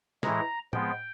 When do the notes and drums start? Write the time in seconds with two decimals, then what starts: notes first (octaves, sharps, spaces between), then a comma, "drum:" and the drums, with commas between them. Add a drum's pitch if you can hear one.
0.23 A2 E3 G#3 A#5, drum: snare
0.73 F3 G#3 B3 G5, drum: tom A2